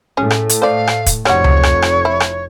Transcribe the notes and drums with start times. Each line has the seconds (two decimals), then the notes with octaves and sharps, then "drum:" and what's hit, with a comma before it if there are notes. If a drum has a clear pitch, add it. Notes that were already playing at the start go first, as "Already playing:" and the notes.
0.17 A2 A3 C#4 G#4
0.30 drum: rim click
0.49 drum: hi-hat
0.62 C5 D5 F5
0.87 drum: rim click
1.06 drum: kick, hi-hat
1.25 F1 F2 G3 F#4 C#5, drum: rim click
1.44 drum: tom C#2
1.63 drum: rim click
1.82 drum: rim click
2.05 E4
2.20 drum: rim click